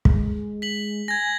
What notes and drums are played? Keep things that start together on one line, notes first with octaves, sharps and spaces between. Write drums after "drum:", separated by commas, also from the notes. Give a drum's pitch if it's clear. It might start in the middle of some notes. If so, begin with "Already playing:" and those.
G#3, drum: kick
B6 F#7
G#5 G#6 A#6